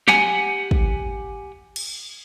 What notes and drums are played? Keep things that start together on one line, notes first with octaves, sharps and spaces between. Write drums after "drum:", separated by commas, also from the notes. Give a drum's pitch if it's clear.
G4 F#5 G#5, drum: snare
drum: kick
drum: cymbal